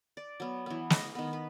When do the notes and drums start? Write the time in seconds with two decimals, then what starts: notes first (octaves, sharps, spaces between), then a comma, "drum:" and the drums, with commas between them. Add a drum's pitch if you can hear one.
0.17 D5
0.40 F#3 B3
0.66 E3 B3
0.90 D#5, drum: snare
1.15 D#3 B3
1.33 B4